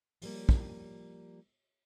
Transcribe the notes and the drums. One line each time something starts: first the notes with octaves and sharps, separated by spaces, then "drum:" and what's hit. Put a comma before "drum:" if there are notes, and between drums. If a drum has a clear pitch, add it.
F3 G3 A#3, drum: open hi-hat
drum: kick